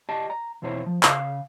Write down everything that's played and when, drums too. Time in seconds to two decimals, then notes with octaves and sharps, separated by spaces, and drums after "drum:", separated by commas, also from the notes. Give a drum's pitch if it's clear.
0.09 G4 D5 D#5 A5
0.30 A#5
0.62 E2 B2 C4 E4 C5 C#5
0.86 F3
1.03 C#3 F5, drum: clap